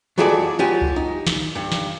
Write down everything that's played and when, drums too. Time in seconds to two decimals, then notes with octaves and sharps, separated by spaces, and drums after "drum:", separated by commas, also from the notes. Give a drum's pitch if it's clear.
0.18 F2 E3 F#3 G#4 A4 D5
0.59 F#3 F4 G4 G#5
0.82 drum: kick C#2
0.96 D#4
1.27 drum: snare
1.55 G2
1.72 drum: snare